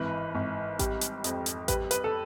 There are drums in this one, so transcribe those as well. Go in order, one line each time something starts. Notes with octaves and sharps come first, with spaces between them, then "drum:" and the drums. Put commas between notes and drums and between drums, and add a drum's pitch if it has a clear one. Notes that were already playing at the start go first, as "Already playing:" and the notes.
Already playing: G#1 E3 B4
G#1
G3, drum: kick A1, hi-hat
drum: hi-hat
F2, drum: hi-hat
drum: hi-hat
G3 B4, drum: kick A1, hi-hat
B4, drum: hi-hat
A4